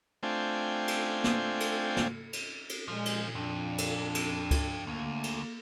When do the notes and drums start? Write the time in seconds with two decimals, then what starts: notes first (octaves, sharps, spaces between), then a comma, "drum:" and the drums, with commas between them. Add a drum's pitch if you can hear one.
0.23 A3 C4 D4 F4 G5 G#5
0.88 drum: cymbal
1.24 drum: snare
1.60 drum: cymbal
1.97 drum: snare
2.33 drum: cymbal
2.69 drum: cymbal
2.88 A#2 F3 G#3
3.06 drum: cymbal
3.35 F2 D4
3.78 drum: cymbal
4.15 drum: cymbal
4.51 drum: kick C#2, cymbal
4.87 D2 A#3
5.24 drum: cymbal